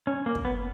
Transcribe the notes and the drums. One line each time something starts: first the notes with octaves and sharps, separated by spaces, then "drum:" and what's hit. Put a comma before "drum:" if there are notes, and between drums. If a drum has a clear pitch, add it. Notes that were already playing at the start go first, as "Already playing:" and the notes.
C#4
A#3
drum: kick
B3